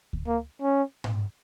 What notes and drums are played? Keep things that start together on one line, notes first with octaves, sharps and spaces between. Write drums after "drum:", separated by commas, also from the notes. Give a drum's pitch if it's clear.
drum: kick D2
A#3
C#4
drum: tom G#2